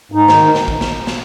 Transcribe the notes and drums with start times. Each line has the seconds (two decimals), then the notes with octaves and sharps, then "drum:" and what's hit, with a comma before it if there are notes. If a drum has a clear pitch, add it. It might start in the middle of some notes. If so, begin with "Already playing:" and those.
0.12 G#2 D#4
0.28 D#3, drum: snare
0.55 drum: snare
0.68 drum: kick
0.81 drum: snare
1.07 drum: snare